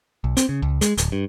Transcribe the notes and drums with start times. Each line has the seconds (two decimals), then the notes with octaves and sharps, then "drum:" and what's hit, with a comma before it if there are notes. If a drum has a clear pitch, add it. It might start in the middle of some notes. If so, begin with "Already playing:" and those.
0.24 B1
0.37 C4, drum: hi-hat
0.49 C#3
0.62 C#2
0.81 G#3, drum: hi-hat
0.98 D1, drum: hi-hat
1.12 G2